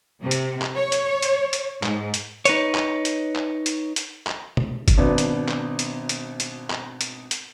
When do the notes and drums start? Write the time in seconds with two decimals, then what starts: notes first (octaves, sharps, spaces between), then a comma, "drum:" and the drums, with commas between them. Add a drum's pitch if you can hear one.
0.22 C3
0.31 drum: hi-hat
0.62 drum: clap
0.76 C#5
0.92 drum: hi-hat
1.22 drum: hi-hat
1.53 drum: hi-hat
1.83 G#2, drum: clap
2.14 drum: hi-hat
2.45 D#4 B4 C#5, drum: hi-hat
2.75 drum: clap
3.05 drum: hi-hat
3.35 drum: clap
3.66 drum: hi-hat
3.96 drum: hi-hat
4.27 drum: clap
4.57 drum: tom B2
4.88 drum: kick, hi-hat
4.98 G#1 B2 B3 D4
5.18 drum: hi-hat
5.48 drum: clap
5.79 drum: hi-hat
6.09 drum: hi-hat
6.40 drum: hi-hat
6.70 drum: clap
7.01 drum: hi-hat
7.31 drum: hi-hat